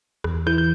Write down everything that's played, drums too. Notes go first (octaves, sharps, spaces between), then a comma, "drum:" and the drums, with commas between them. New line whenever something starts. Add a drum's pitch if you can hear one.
E2, drum: rim click
E3 G6, drum: rim click
G6